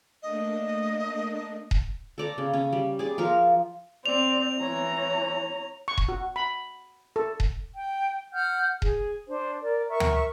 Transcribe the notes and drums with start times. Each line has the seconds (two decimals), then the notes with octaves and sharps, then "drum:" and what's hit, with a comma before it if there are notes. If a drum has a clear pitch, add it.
0.23 A3 A#3 D4 D#5
1.71 drum: kick D#1
2.18 A4 D5 A#5
2.38 C#3
2.53 C#4
2.73 G3
2.99 G#4 D5
3.18 F3 F4 A#4
4.06 C4 D5 F7
4.60 E3 C#5 A#5
5.88 C#6
5.98 drum: kick D#1
6.09 F#4
6.36 B5
7.16 A4
7.40 drum: kick D#1
7.76 G5
8.33 F#5 F6 G6
8.82 G#4, drum: kick D#1
9.29 D4 C5
9.62 A#4 D5
9.90 A#4 E5 C#6
10.00 drum: tom D2